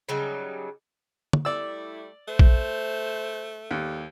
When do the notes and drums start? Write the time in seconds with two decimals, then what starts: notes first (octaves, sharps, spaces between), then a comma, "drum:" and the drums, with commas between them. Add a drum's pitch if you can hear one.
0.09 C#3 F#3 G3 D#4
1.33 drum: tom
1.45 G3 A3 E4 D5 E6
2.28 A3 C5
2.39 drum: kick A#1
3.71 D#2 G3 G4 A4